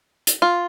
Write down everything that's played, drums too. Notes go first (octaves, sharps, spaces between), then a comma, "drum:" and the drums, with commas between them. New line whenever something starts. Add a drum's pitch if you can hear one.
drum: hi-hat
F4